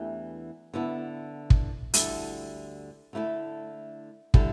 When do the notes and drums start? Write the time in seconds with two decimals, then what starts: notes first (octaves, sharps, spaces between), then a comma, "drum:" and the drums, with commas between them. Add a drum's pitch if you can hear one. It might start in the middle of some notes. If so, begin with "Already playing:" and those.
Already playing: E2 E3 A3 D4 G4
0.74 D3 B3 E4 A4
1.50 drum: kick
1.94 D2 D3 G3 E4 A4, drum: hi-hat
3.13 D3 A3 E4 A4
4.34 D3 G3 E4 A4, drum: kick